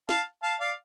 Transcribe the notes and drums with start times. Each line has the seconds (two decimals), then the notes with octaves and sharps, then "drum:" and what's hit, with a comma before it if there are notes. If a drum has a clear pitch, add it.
0.09 F5 A5, drum: snare
0.43 F5 A5
0.60 D5 F5